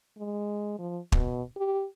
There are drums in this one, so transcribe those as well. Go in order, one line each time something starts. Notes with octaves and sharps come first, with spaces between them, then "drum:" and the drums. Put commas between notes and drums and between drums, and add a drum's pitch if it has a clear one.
G#3
F3
B2, drum: kick
G4